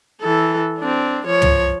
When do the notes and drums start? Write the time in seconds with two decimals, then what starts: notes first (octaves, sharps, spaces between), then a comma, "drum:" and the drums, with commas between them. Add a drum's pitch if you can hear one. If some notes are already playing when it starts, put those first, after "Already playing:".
0.21 E3 A4
0.79 C4 D4
1.26 F3 C#5
1.42 drum: tom